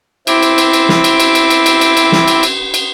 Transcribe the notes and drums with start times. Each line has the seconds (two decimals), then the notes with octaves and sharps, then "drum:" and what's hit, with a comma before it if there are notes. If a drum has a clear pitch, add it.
0.27 C4 E4 D6, drum: cymbal
0.43 drum: cymbal
0.58 drum: cymbal
0.73 drum: cymbal
0.89 drum: snare
1.04 drum: cymbal
1.20 drum: cymbal
1.35 drum: cymbal
1.50 drum: cymbal
1.66 drum: cymbal
1.81 drum: cymbal
1.97 drum: cymbal
2.12 drum: snare
2.28 drum: cymbal
2.43 drum: cymbal
2.74 drum: cymbal